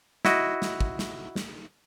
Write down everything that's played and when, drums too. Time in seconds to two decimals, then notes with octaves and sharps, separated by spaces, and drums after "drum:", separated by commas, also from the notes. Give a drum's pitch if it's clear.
0.25 E4 F#4 D#5, drum: snare
0.62 drum: snare
0.80 drum: kick
0.99 drum: snare
1.36 drum: snare